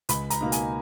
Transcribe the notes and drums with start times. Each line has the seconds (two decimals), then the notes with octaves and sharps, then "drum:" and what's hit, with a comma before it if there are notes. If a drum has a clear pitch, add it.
0.09 C#2 B5, drum: hi-hat
0.30 A#5, drum: hi-hat
0.41 B2 A#3 D#4
0.52 G#5, drum: hi-hat